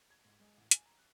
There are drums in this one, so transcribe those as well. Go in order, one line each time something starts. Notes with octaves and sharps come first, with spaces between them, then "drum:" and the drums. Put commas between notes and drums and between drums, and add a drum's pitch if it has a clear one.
G#6
G#2
G#3
A1
G#5, drum: hi-hat
A#5
F#6